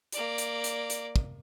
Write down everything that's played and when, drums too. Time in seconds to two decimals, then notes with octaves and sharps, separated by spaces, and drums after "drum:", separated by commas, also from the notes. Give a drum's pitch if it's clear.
0.12 A#3 D5, drum: hi-hat
0.38 drum: hi-hat
0.64 drum: hi-hat
0.90 drum: hi-hat
1.16 drum: kick